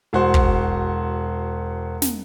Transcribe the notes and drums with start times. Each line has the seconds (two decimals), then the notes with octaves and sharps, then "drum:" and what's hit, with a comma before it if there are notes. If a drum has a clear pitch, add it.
0.13 E1 F#4 C5
0.34 drum: kick
2.02 drum: snare